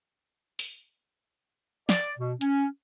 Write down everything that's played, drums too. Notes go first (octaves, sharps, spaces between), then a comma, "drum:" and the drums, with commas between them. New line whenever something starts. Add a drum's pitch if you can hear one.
drum: open hi-hat
D5, drum: snare
B2
C#4, drum: hi-hat